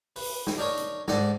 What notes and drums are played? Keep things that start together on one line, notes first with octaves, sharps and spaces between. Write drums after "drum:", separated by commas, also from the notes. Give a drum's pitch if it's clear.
B4, drum: open hi-hat
drum: snare
D4 D#4 A#4 C#5
drum: hi-hat
G#2 A4 D5 F#5 A#5, drum: snare